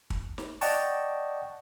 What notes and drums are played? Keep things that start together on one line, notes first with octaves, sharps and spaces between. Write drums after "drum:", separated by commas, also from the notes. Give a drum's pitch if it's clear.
drum: kick
drum: snare
D5 D#5 F#5 G5 A5 C#6, drum: open hi-hat